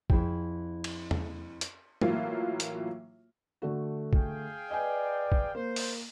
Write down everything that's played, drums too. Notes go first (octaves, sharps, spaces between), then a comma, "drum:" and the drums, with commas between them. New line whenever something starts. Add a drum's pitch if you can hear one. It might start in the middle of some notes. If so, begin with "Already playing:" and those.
F2 E4 G#4 C5 G5, drum: kick
drum: cymbal
drum: tom E2
drum: hi-hat
A2 E3 F#3 A#3 F4, drum: tom
drum: hi-hat
D3 A3 F#4
G#4 F5 G5, drum: kick
B4 D5 D#5 G#5
drum: kick
A#3 C5
drum: open hi-hat